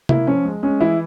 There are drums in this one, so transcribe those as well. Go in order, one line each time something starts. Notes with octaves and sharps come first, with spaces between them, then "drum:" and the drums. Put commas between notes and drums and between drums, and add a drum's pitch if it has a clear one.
A#3 E4, drum: tom C3
F3 C#4
G#3
G#3 C#4
E3 E4